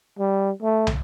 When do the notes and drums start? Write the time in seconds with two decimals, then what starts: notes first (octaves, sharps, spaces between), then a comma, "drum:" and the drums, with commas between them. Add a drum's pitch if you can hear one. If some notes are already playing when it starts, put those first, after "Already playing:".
0.19 G3
0.62 A3
0.87 drum: tom